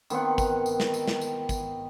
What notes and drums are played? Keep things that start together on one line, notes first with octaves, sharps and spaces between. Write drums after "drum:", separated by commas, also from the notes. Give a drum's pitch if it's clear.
D#3 B3 C4 F#5, drum: tambourine
drum: kick, tambourine
drum: tambourine
drum: snare
drum: tambourine
drum: snare
drum: tambourine
drum: kick, tambourine